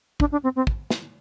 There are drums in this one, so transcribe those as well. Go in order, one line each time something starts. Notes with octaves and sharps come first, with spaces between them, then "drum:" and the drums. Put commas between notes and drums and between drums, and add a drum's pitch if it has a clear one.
D4, drum: kick
D4
C4
C4
drum: kick
drum: snare